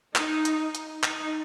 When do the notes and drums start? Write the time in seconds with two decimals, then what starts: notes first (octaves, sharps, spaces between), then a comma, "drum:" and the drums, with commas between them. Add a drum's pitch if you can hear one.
0.16 D#4, drum: clap
0.45 drum: hi-hat
0.75 drum: hi-hat
1.03 D#4, drum: clap